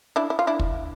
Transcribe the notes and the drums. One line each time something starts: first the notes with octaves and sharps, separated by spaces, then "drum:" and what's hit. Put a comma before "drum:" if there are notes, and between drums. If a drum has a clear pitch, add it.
D4 E4
E4
F4
D4 E4
drum: kick